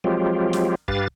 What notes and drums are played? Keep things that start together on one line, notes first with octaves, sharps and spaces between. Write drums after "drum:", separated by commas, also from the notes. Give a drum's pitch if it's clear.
F3 F#3 G#3 C4 F4 G4
drum: snare
G2 G4 B4 F5 A6, drum: kick